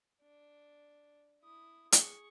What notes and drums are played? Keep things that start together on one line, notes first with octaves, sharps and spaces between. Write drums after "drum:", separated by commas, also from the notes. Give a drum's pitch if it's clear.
D4
E4 D#6
G#4 C#6, drum: hi-hat